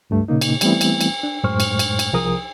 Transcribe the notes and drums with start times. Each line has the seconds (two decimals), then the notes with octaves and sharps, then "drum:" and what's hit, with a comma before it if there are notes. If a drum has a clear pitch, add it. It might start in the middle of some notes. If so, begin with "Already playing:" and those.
0.10 C#2 G2 A3
0.28 A#2 C#3 A#3 D#4
0.41 drum: cymbal
0.61 E3 G3 A3 B3 C4 E4, drum: cymbal
0.81 drum: cymbal
1.01 drum: cymbal
1.23 D4
1.44 F#2 A2 G#3 C5 C#6 F6
1.60 drum: cymbal
1.79 drum: cymbal
1.99 drum: cymbal
2.13 C2 F3 G#4 A#4 D#6